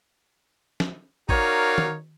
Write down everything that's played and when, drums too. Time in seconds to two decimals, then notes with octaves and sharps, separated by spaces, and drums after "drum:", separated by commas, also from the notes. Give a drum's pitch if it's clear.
0.80 drum: snare
1.29 D#4 F#4 A#4 C#5 D5 F5, drum: kick
1.78 drum: tom